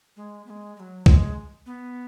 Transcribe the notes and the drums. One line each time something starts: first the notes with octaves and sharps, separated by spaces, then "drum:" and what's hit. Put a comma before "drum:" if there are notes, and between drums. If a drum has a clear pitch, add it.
G#3
B3
G#3
G#3
F#3
G#3, drum: kick
B3